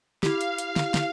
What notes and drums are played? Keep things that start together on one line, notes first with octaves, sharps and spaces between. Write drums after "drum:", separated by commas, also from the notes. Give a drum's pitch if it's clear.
E4 G4 F5, drum: snare
drum: hi-hat
drum: hi-hat
drum: snare
drum: snare